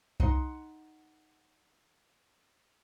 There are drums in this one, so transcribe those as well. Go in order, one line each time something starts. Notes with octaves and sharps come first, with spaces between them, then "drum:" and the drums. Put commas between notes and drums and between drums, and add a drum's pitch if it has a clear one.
D#4 F#5 C6, drum: kick C2